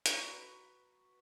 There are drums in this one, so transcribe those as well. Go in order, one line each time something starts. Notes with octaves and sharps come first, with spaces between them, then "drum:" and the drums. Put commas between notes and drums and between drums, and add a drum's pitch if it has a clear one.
F#4 B4 A#5, drum: hi-hat